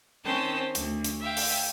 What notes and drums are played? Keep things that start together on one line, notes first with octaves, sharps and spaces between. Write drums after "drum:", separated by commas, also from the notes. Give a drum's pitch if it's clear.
D#3 C4 C#4 C5 G5 A5
D2, drum: hi-hat
drum: hi-hat
E5 F5 G5
drum: open hi-hat